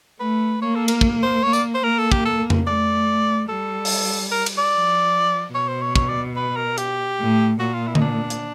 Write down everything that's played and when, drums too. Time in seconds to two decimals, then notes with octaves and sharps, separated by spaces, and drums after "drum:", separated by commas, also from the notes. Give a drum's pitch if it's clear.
0.20 A3 B4
0.62 A#3 C#5
0.75 A4
0.88 A#4, drum: cymbal
1.01 drum: kick
1.22 C5
1.43 A#3 C#5
1.53 D5, drum: tambourine
1.74 C5
1.84 A#3 A#4
1.98 A4
2.12 G4, drum: kick
2.25 A4
2.50 drum: tom F2
2.66 A3 D5
3.49 G3 A4
3.85 drum: open hi-hat
4.31 A#4
4.46 drum: cymbal
4.58 D5
4.73 F3
5.54 B2 C#5
5.68 C5
5.81 C#5
5.96 C#5, drum: kick
6.09 D5
6.36 B4
6.56 A#4
6.78 G4, drum: hi-hat
7.19 A2
7.59 A#2 F#4
7.74 F4
7.87 E4
7.95 D#4, drum: tom D3
8.01 D4
8.30 drum: hi-hat